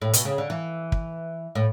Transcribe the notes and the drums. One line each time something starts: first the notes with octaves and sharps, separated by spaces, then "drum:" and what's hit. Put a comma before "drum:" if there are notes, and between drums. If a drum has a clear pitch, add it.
A2
B2, drum: hi-hat
C#3
D3
E3
drum: kick
A2